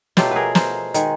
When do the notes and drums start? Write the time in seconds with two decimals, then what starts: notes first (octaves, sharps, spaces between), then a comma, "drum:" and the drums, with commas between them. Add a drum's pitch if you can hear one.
0.17 B2 F#3 A3 F4 G4, drum: snare
0.31 G#4 A#4 B4
0.55 A#4 C5, drum: snare
0.94 D#3 G#3, drum: hi-hat